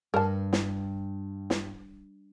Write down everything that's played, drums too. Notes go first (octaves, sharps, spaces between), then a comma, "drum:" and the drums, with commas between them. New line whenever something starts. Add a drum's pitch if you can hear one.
G2 A#4 A5
drum: snare
drum: snare